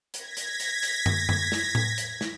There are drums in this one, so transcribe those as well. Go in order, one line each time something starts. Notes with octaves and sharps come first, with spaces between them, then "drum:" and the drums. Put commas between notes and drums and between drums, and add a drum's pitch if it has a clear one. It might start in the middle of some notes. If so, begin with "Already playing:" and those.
G#6 A#6 B6, drum: hi-hat
drum: hi-hat
drum: hi-hat
drum: hi-hat
drum: tom F#2
drum: tom F#2
drum: snare
drum: tom A2
drum: hi-hat
drum: snare